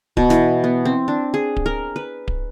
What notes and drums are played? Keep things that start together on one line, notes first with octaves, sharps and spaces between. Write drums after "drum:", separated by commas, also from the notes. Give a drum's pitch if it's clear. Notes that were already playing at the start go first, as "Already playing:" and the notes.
B2, drum: kick D1
E3, drum: snare
B3
C4
D4
G#4
drum: kick D1
A#4
B4
drum: kick D1